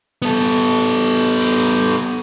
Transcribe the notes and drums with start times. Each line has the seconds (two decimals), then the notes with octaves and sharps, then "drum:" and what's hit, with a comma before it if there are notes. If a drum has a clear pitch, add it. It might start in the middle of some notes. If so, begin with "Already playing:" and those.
0.22 B3 A4
1.39 drum: open hi-hat